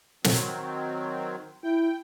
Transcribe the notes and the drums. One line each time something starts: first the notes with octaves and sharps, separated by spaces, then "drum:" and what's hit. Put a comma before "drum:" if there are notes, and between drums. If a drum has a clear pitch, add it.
D#3 F#3 C4, drum: snare
E4 G5